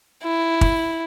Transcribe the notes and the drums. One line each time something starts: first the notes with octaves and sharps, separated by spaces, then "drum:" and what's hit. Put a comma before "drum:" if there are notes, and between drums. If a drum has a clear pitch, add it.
E4
drum: kick